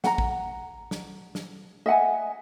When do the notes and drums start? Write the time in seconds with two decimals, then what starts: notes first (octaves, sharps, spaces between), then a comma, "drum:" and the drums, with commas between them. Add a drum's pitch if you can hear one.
0.04 F#5 A#5, drum: snare
0.18 drum: kick
0.91 drum: snare
1.35 drum: snare
1.86 D#5 E5 F#5 G#5